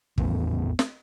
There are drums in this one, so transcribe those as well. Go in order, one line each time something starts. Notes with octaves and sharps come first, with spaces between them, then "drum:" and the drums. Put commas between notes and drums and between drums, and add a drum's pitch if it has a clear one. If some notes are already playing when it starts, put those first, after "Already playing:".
G#1 E2 A2 B3, drum: kick
drum: snare